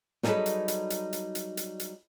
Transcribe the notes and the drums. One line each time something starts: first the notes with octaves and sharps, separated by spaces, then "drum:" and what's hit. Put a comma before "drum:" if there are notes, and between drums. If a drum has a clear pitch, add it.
F#3 G3 D#4 G#4 A4 B4, drum: snare
drum: hi-hat
drum: hi-hat
drum: hi-hat
drum: hi-hat
drum: hi-hat
drum: hi-hat
drum: hi-hat